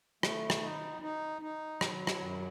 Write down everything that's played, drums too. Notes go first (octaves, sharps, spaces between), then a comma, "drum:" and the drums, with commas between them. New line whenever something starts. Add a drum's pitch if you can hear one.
A3, drum: rim click
drum: rim click
D#4
D#4
D#4
F#3, drum: rim click
drum: rim click
F#2